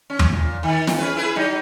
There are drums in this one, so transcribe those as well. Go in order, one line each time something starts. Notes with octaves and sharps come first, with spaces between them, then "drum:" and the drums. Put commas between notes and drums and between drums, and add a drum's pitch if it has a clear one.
C#4
drum: tom E2
A#2
D#3
drum: snare
C#4 G#4 B4
E4 G#4 B4
F#3 D#4